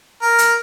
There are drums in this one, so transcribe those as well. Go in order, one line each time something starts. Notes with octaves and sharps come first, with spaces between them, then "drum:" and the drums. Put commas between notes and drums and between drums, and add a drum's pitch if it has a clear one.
A#4
drum: hi-hat